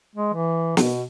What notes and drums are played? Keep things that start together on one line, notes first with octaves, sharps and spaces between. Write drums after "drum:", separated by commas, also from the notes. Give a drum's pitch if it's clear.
G#3
E3
B2, drum: snare